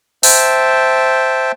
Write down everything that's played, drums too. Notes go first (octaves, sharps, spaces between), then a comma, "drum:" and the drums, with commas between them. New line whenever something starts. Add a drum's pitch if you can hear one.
C5 E5 G5 A5, drum: open hi-hat